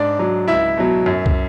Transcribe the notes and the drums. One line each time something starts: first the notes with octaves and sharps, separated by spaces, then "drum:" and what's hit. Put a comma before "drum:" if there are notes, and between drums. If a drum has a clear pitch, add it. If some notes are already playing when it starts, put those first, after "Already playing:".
Already playing: G#2 D4 D5
F#3
C#2 E4 E5
B2 F#3
F#2
drum: kick